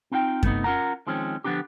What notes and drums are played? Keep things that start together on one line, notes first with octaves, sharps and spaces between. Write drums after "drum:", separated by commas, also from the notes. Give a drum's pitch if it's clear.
C4 D#4 F4 F5 G5
C3 A3 B3 D#4, drum: kick F#2
C#4 F4 A#4 F#5 A#5
D#3 F3 G#3 C4 C#4
D3 F3 B3 D4 D#4 G4